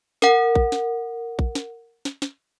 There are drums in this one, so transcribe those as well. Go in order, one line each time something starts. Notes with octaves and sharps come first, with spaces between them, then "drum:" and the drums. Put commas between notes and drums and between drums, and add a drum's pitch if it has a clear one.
A#4 F#5, drum: snare
drum: kick A#1
drum: snare
drum: kick A#1
drum: snare
drum: snare
drum: snare